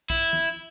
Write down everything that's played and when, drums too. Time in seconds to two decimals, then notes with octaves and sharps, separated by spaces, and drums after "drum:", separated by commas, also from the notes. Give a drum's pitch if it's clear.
0.10 E4, drum: kick
0.33 drum: tom D#3